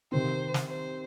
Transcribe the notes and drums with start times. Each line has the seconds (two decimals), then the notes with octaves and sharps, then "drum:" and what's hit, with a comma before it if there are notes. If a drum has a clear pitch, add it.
0.12 C3 D#3 C4 C5
0.54 drum: snare
0.68 C5